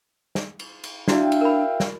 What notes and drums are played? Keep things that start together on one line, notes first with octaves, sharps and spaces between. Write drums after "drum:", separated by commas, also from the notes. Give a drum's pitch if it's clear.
drum: snare
drum: cymbal
drum: cymbal
D4 E4 F#4 D5 E5 F5 G5, drum: snare
drum: cymbal
A#4 B5
drum: snare